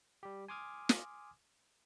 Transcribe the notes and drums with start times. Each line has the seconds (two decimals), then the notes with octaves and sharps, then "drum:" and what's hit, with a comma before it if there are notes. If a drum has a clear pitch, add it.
0.23 G3 G4
0.48 G#5 C6 D6 D#6 F6 G#6
0.89 drum: snare